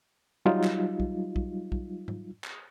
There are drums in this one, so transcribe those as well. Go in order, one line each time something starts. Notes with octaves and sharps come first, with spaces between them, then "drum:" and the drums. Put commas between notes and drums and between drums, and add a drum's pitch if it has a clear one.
F#3 G3 D#4 F4
drum: clap
drum: kick
drum: kick
drum: kick
drum: tom G#2
drum: clap